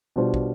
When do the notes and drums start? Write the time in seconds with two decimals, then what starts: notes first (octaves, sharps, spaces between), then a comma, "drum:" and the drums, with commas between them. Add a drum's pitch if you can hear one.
0.16 B2 G3 D4 F4 C5
0.34 drum: kick